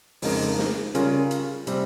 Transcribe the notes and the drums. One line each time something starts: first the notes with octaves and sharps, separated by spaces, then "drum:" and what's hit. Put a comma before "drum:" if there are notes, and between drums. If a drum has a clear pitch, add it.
F2 C#3 G#3 D#4 A#4, drum: open hi-hat
drum: snare
C#3 G3 C#4 F4 A#4, drum: hi-hat
drum: hi-hat
C3 G3 C4, drum: hi-hat